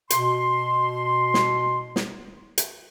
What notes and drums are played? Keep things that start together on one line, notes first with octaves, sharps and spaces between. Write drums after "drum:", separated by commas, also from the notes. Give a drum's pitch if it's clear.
B2 C6, drum: hi-hat
drum: snare
drum: snare
drum: hi-hat